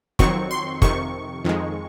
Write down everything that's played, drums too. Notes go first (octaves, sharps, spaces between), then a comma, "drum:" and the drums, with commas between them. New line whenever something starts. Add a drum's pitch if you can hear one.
F2 D#3 F#3 C4 C#6, drum: kick
C6
F2 C3 D#3 C#6, drum: kick
F2 D#3 G#3